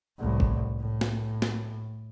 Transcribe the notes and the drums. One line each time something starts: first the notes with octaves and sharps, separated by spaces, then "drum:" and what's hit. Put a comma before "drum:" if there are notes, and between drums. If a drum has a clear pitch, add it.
C2 A2
drum: kick
A2
drum: snare
drum: snare